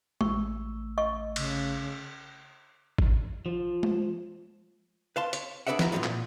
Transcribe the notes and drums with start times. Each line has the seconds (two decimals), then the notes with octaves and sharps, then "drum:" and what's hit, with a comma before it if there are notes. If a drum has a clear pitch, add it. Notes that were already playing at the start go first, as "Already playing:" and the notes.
0.21 A1 A3 C#6 E6, drum: tom G#3
0.98 D#5 C#6
1.36 C#3, drum: cymbal
2.98 drum: kick G#1
3.46 F3
3.83 drum: tom G#3
5.16 B4 F5 A5 C6
5.33 C#5, drum: hi-hat
5.67 D4 G#4 B4 D5 E5 F#5
5.79 E3 B3 F#5 A#5, drum: snare
5.92 A2 C3 F3 F#3 B3
6.04 A#2, drum: clap